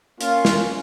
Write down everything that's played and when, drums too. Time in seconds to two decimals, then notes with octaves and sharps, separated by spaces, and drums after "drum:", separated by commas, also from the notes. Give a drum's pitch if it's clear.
0.21 A#3 C#4 F4, drum: hi-hat
0.45 drum: snare